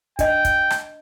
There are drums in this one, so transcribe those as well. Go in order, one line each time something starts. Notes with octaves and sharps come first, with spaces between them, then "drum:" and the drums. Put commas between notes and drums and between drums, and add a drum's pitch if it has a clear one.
D4 D#5 G5, drum: kick, hi-hat
drum: kick, hi-hat
drum: rim click